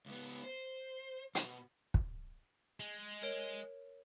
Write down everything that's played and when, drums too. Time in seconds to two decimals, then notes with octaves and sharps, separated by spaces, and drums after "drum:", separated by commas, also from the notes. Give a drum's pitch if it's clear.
0.06 C#2 B3
0.43 C5
1.35 B2, drum: hi-hat
1.94 drum: kick
2.80 G#3
3.22 A#4 C#5 D7